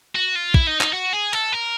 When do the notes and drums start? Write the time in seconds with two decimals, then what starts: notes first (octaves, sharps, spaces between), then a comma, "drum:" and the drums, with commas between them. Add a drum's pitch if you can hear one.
0.15 F#4
0.35 F4
0.54 E4, drum: kick
0.67 D#4
0.81 D#4, drum: clap
0.93 F#4
1.13 G#4
1.33 A4, drum: cymbal
1.53 A#4